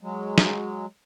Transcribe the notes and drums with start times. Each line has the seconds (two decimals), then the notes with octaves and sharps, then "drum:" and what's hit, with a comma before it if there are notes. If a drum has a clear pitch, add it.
0.01 F#3 G#3
0.38 drum: snare